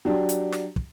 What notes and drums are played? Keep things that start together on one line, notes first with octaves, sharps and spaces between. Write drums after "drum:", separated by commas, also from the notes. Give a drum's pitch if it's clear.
F#3 D4 G4
drum: hi-hat
drum: snare
drum: kick